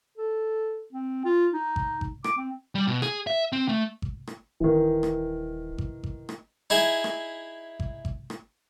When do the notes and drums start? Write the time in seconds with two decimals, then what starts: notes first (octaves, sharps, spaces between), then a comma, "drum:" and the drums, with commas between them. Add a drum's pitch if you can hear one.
0.18 A4
0.93 C4
1.25 F4
1.53 D#4
1.76 drum: kick G#1
2.01 drum: kick G#1
2.24 D6, drum: rim click
2.37 C4
2.75 G3
2.87 B2
3.02 G#4, drum: rim click
3.27 E5
3.53 C4
3.69 A3
4.02 drum: kick G#1
4.27 drum: rim click
4.60 D#1 D#3 E3
5.03 drum: rim click
5.78 drum: kick G#1
6.03 drum: kick G#1
6.29 drum: rim click
6.70 D#4 E4 G#4 E5
7.04 drum: rim click
7.80 drum: kick G#1
8.05 drum: kick G#1
8.30 drum: rim click